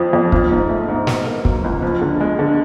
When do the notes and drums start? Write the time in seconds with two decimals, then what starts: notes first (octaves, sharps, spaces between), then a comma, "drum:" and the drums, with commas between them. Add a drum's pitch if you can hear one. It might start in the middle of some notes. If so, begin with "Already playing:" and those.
Already playing: F2 F3
0.13 F2
0.32 F3, drum: kick
0.51 G#2
0.69 A3
0.88 G#2
1.07 B2, drum: snare
1.26 A#3
1.45 F#3, drum: kick
1.64 C#2
1.82 F3
2.01 D3
2.20 G#3
2.39 D3